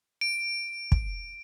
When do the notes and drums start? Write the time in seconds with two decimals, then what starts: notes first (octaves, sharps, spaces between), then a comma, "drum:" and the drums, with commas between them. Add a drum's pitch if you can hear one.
0.21 D7
0.92 drum: kick